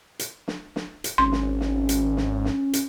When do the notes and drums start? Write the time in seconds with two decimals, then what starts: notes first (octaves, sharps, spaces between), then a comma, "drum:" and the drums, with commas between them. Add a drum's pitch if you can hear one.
0.19 drum: hi-hat
0.48 drum: snare
0.76 drum: snare
1.04 drum: hi-hat
1.18 G#1 C#4 C6
1.32 drum: snare
1.61 drum: snare
1.89 drum: hi-hat
2.17 drum: snare
2.45 drum: snare
2.73 drum: hi-hat